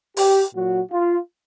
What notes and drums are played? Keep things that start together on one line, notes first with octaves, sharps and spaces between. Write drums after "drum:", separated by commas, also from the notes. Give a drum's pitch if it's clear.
G4, drum: open hi-hat
A#2 F#3 F#4
F4